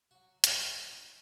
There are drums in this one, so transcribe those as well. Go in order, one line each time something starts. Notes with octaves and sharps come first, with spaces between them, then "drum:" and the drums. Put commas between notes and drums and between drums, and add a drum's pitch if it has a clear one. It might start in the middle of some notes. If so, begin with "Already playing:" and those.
F#3 F#4
G#3, drum: hi-hat
F#3
D#4